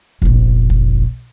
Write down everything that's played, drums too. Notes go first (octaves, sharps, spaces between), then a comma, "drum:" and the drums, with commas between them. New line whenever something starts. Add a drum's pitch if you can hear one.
F1 A#1, drum: kick
drum: kick